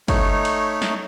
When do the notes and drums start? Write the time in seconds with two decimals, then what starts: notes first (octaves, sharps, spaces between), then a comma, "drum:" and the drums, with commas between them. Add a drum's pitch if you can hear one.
0.08 A3 D#4 C#5, drum: kick, cymbal
0.45 drum: cymbal
0.82 drum: snare